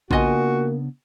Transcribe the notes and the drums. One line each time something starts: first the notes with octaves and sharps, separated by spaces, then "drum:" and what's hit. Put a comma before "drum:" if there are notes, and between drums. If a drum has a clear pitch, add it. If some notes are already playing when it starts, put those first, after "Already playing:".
C#3 A#3 B3 D4 F4 F#4 D#5 G#5, drum: kick A#1